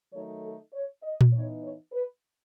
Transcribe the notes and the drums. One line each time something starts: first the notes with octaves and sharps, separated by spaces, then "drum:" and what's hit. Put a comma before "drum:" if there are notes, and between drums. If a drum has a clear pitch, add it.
D#3 F#3 A3 D#4 C#5
A4
C#5
D#5
drum: tom A#2
E3 B3 D#4 C#5
C#5
B4